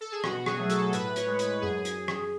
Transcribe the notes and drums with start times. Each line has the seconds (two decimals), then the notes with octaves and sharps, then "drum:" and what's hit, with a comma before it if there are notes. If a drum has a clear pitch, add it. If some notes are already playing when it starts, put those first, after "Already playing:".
0.01 A4
0.12 G#4
0.24 B2 F#4, drum: rim click
0.46 G#4, drum: rim click
0.58 F#3 A3
0.70 A4, drum: hi-hat
0.93 A2 B4, drum: hi-hat
1.16 C#5, drum: hi-hat
1.27 G#3
1.39 B4, drum: hi-hat
1.62 F#2 G#4
1.85 drum: hi-hat
2.08 drum: rim click